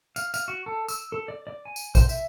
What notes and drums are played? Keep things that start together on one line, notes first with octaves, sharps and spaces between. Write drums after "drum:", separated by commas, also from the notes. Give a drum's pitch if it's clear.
F5, drum: tambourine
F5, drum: tambourine
F#4
A4
E6, drum: tambourine
A4
D5
D5
G#5
drum: tambourine
C5, drum: kick A#1, tambourine
E5, drum: tambourine